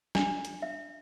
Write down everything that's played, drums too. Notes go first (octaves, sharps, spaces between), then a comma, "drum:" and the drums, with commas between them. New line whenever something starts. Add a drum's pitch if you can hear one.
D4, drum: snare
drum: hi-hat
E5